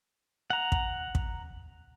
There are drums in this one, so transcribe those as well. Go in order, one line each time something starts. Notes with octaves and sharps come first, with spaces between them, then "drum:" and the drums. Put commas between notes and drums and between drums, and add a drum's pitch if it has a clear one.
F#5 A#5
drum: kick
drum: kick